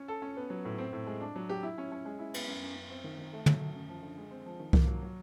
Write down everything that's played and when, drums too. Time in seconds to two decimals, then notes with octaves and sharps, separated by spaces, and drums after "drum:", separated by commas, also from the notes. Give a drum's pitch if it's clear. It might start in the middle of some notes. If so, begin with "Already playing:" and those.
Already playing: C#4
0.08 A4
0.22 C#4
0.37 B3
0.50 F#3
0.65 A2
0.78 C4
0.93 A2
1.07 G#3
1.21 D4
1.36 F#3
1.49 G4
1.63 E4
1.78 C#4
1.92 C#4
2.05 G#3
2.19 E4
2.34 B3, drum: cymbal
2.48 F#2
2.62 F#2
2.76 F#2
2.90 C4
3.04 D#3
3.18 D#3
3.33 A3
3.46 F#3, drum: tom
3.61 A3
3.75 F#2
3.89 F3
4.03 D3
4.18 G#3
4.31 C4
4.46 F3
4.60 D#3
4.73 A#3, drum: kick C2
4.87 F#3
5.02 F#3